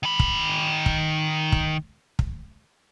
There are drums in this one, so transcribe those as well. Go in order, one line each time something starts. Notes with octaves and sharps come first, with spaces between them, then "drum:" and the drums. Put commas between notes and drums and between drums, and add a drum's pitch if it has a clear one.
D#3 B5
drum: kick
drum: kick
drum: kick
drum: kick